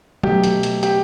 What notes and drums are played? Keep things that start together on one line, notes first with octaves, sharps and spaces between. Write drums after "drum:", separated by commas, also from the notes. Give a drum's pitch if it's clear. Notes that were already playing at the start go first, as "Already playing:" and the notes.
B2 F#3 A3 G4, drum: tom F#3
drum: hi-hat
drum: hi-hat
G4, drum: hi-hat